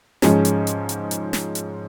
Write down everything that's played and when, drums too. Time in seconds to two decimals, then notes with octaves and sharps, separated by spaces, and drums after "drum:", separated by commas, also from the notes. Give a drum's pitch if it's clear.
0.22 G#2 F3 G#3 C#4, drum: snare
0.45 drum: hi-hat
0.67 drum: hi-hat
0.89 drum: hi-hat
1.11 drum: hi-hat
1.33 drum: snare
1.55 drum: hi-hat